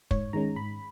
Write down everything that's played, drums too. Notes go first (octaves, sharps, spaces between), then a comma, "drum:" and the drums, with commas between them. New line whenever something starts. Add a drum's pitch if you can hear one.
G#2 C#5, drum: kick
D#3 G#3 C#4 A#5
G#2 B5